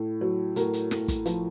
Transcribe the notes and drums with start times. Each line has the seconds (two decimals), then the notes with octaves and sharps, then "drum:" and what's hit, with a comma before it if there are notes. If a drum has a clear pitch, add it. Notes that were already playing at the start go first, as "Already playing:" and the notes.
Already playing: A2
0.21 F#3
0.56 A2 F#4 A#4, drum: hi-hat
0.73 drum: hi-hat
0.91 A2, drum: snare
1.08 drum: kick, hi-hat
1.26 F3, drum: hi-hat